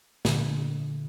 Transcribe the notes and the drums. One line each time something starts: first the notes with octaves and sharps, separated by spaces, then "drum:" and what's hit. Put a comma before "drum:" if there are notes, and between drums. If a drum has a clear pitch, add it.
A#2 D3, drum: snare